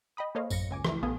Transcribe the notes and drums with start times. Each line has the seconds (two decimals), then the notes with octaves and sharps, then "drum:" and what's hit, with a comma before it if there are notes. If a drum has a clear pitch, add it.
0.17 D#5 G5 B5 D#6
0.35 A#3 A4 C5 C#5 D#5 F5
0.50 A1 F#2 A#6 C#7, drum: tambourine
0.71 C#2 G#5 D6
0.85 E3 F3 A3 E4, drum: rim click
1.03 A#1 B3 A4 F5 G#5 D#6